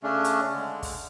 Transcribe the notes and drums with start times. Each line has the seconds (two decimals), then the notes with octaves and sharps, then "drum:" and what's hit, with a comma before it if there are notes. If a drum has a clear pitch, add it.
0.03 C#3 A3 C#4 D4
0.24 drum: hi-hat
0.53 D3 G#3
0.83 drum: kick, open hi-hat